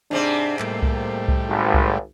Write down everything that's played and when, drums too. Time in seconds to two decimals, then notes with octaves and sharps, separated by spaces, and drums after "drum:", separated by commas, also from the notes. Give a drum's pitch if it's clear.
0.11 G#2 C3 C4 D4
0.60 A2 G3 A#3, drum: clap
0.82 drum: kick C2
1.28 drum: kick C2
1.48 G#1 G#3
1.74 drum: kick C2